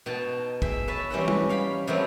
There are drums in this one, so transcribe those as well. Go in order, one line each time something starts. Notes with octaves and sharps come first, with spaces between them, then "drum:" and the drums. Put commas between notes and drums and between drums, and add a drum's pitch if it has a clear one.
B2 D#4 G5 A5
G#4 E5 G5, drum: kick
B4 C#5 E5 A5 B5
E3 G3 C4 C#4 D#4 F#4
drum: tom
C#5 F5 G5 B5
C3 F3 F#3 A3 B3